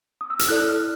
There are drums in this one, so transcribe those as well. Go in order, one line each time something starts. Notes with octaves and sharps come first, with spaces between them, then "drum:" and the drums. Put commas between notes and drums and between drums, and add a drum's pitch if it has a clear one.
D#6
E6
F6, drum: hi-hat
E4 A4 D5 F#6
F6